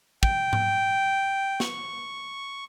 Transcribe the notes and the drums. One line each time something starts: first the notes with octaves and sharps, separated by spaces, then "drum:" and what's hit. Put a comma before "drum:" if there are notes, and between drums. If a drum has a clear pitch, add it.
G5, drum: kick
drum: tom G#2
C#6, drum: snare